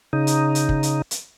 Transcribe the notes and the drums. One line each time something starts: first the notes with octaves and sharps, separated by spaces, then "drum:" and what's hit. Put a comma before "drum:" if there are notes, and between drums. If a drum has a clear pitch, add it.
C#3 D#4
drum: hi-hat
drum: hi-hat
drum: kick
drum: hi-hat
drum: hi-hat